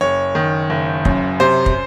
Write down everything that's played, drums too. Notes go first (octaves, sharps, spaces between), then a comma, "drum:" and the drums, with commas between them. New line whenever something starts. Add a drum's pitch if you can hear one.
F#1 C#5
D#3
F#1
F#2, drum: kick
C3 C5
drum: kick